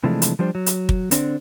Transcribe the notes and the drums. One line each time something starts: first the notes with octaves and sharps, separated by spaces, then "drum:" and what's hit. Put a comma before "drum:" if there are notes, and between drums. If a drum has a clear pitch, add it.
C3 E3 F3 G#3 A3 D4
drum: hi-hat
F3 G3 D4 C5
F#3
drum: hi-hat
drum: kick
D3 C4 D4, drum: hi-hat